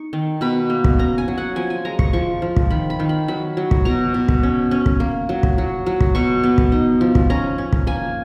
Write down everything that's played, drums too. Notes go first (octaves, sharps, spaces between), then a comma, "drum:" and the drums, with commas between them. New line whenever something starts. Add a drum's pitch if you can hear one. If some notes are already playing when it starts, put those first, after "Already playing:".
Already playing: D#4 C#6
D#3
B2 B5
A#3
drum: kick
C#4 A#5
G#5
F#3
F#5
F3 G#5
G#5
G#3 A#5
C#6, drum: kick
F3 C#6
F3
drum: kick
D#3 B5
B5
D#3
B5
F#3 B5
F#3
drum: kick
B2 A#5
B2
drum: kick
C#4
C#4
drum: kick
A#3
F#3
drum: kick
F#3
F#3
drum: kick
B2 C#6
B3
drum: kick
D#4
F3
drum: kick
C#4 A#5
C#4
drum: kick
A#3 G#5